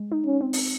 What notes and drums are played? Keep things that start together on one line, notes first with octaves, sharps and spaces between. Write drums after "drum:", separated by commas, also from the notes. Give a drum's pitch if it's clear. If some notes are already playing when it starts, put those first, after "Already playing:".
Already playing: G#3
D#4
C#4
C4
drum: open hi-hat